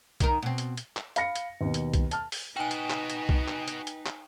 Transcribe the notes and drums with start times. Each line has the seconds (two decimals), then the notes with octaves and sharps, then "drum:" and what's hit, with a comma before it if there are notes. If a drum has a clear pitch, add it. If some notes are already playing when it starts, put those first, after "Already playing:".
0.20 D#3 D#4 A#4, drum: kick, hi-hat
0.43 B2 C4
0.58 drum: hi-hat
0.77 drum: hi-hat
0.97 drum: clap
1.16 F5 B5 A#6 C#7, drum: hi-hat
1.35 drum: hi-hat
1.61 D#2 B2
1.74 drum: hi-hat
1.94 drum: kick, hi-hat
2.11 A5 F6, drum: hi-hat
2.32 drum: open hi-hat
2.57 D#4 F#4 B4 D#5 G5 G#5
2.71 drum: hi-hat
2.90 drum: clap
3.10 drum: hi-hat
3.29 drum: kick
3.48 drum: clap
3.68 drum: hi-hat
3.87 drum: hi-hat
4.06 drum: clap